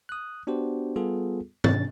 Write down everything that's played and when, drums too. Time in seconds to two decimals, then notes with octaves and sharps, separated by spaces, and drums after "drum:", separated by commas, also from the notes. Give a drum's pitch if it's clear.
0.09 D#6 F#6
0.47 B3 D4 F#4 G4 C5
0.96 G3 B3 F4 G#4 A4
1.64 C3 C#4 D4 A6, drum: tom G#2